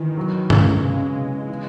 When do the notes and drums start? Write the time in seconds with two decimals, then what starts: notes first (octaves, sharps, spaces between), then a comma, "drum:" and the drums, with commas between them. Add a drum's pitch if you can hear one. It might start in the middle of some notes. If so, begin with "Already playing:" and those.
Already playing: D#3 E3
0.17 F#3
0.50 C#3, drum: tom G2
0.83 C#3 G#3
1.16 C#3
1.50 E3